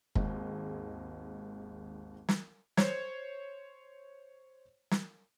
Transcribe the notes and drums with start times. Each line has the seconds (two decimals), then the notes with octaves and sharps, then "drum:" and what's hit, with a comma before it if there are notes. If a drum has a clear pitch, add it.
0.15 G#1 D#2 G#3, drum: kick
2.28 drum: snare
2.77 C5 C#5 G#6, drum: snare
4.91 drum: snare